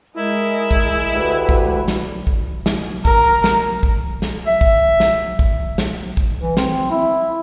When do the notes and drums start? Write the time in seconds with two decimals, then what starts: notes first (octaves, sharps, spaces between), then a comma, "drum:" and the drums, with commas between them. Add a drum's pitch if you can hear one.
0.17 G#3 E4 A#4 D#5
0.71 drum: kick
1.15 D2 G4 B4
1.49 drum: kick
1.88 drum: snare
2.27 drum: kick
2.66 drum: snare
3.05 A#4, drum: kick
3.44 drum: snare
3.83 drum: kick
4.22 drum: snare
4.47 E5
4.61 drum: kick
5.00 drum: snare
5.39 drum: kick
5.78 drum: snare
6.17 drum: kick
6.42 E3
6.57 C4, drum: snare
6.91 E4